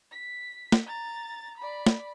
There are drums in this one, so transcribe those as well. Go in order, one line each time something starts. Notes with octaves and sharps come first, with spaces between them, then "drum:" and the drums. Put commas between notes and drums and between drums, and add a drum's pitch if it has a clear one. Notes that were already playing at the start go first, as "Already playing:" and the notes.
B6
drum: snare
A#5 A6
D5 B5
drum: snare